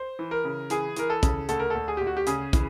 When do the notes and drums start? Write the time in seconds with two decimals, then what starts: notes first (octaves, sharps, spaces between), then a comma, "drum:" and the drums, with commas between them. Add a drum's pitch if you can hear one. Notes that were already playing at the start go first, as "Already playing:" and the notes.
Already playing: C5
0.19 E3
0.31 A#4
0.44 C#3
0.70 E3 G#4, drum: hi-hat
0.96 E3 A#4, drum: hi-hat
1.10 A4
1.23 C#3, drum: kick, hi-hat
1.49 D2 A4, drum: hi-hat
1.59 A#4
1.70 D2 A4
1.88 G#4
1.97 D2 G4
2.07 F#4
2.17 G4
2.27 C#3 G#4, drum: hi-hat
2.53 E3, drum: kick, hi-hat